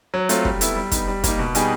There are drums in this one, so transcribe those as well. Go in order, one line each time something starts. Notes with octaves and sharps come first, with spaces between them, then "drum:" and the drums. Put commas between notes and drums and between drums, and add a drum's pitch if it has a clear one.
F#3
A3 C4 F4, drum: hi-hat
G3, drum: kick
B3 E4 A4, drum: hi-hat
G3
B3 D#4, drum: kick, hi-hat
G3
A#3 D#4, drum: kick, hi-hat
B2
G3 B3 D#4 G#4, drum: hi-hat